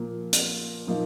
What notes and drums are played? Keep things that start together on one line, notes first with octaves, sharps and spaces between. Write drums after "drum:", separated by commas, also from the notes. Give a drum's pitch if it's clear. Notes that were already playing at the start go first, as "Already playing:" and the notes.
Already playing: A#2 F3 A#3
drum: hi-hat
A#2 F3 A#3 D#4